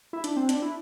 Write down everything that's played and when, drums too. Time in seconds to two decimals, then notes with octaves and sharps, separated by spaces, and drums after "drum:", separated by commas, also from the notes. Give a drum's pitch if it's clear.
0.13 E4
0.24 D4, drum: hi-hat
0.36 C4
0.49 D4, drum: hi-hat
0.62 E4